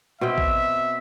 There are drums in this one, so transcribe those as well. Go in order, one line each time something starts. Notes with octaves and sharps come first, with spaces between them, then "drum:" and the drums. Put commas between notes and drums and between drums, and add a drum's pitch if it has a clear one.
B2 C4 E5 G5
drum: kick A1